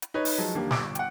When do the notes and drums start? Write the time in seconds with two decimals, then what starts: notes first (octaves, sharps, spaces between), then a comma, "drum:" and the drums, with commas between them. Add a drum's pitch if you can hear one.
0.02 drum: hi-hat
0.14 D#4 B4 C#5
0.25 drum: open hi-hat
0.38 F3 F#3 G#3
0.55 D#2 D3 G3 A#3
0.71 G1 D6 E6 D7, drum: snare
0.95 F#5 G5, drum: hi-hat